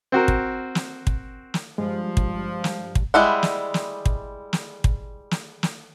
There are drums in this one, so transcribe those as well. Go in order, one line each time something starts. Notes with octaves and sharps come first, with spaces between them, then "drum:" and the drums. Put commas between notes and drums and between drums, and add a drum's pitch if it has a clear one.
C4 F#4 A#4
drum: kick
drum: snare
drum: kick
drum: snare
G2 F3 G#3
drum: kick
drum: snare
drum: kick
G3 G#3 E4 F#5
drum: snare
drum: snare
drum: kick
drum: snare
drum: kick
drum: snare
drum: snare